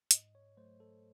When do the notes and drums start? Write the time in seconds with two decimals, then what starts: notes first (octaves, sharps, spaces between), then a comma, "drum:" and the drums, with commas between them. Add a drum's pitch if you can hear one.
0.11 G#2 D#5, drum: hi-hat
0.35 C#5
0.57 F#3 A3 C5
0.80 A4